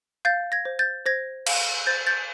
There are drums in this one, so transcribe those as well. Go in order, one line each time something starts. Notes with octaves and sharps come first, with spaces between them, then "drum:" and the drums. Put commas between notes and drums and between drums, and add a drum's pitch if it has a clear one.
F5 G6 A6
G#6 A#6
C5
G6 A6
C5 G#6 A#6
F5, drum: cymbal
C5 G6 A6
G6 A6